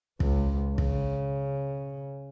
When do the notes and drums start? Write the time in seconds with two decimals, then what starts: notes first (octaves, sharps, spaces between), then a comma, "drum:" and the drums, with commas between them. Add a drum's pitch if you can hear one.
0.20 C#2, drum: kick
0.78 C#3, drum: kick